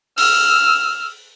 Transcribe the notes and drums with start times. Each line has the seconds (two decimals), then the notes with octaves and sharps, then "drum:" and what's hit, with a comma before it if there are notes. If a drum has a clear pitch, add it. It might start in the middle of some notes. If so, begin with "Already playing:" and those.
0.18 E6 F6, drum: open hi-hat